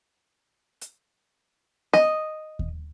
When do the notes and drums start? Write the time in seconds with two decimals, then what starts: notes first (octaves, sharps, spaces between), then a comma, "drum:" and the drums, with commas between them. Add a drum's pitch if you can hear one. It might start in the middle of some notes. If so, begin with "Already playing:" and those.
0.81 drum: hi-hat
1.93 D#5, drum: snare
2.59 drum: kick D#2